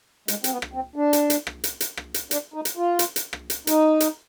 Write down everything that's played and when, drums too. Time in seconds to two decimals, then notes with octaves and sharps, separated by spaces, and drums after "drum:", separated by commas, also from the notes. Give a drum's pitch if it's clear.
0.28 G#3, drum: hi-hat
0.44 C4, drum: hi-hat
0.51 B3
0.62 drum: rim click
0.73 C4
0.96 D4
1.13 drum: hi-hat
1.30 drum: hi-hat
1.47 drum: rim click
1.64 drum: hi-hat
1.80 drum: hi-hat
1.97 drum: rim click
2.14 drum: hi-hat
2.31 D4, drum: hi-hat
2.54 D#4
2.65 drum: hi-hat
2.77 F4
2.99 drum: hi-hat
3.16 drum: hi-hat
3.33 drum: rim click
3.50 drum: hi-hat
3.67 D#4, drum: hi-hat
4.00 drum: hi-hat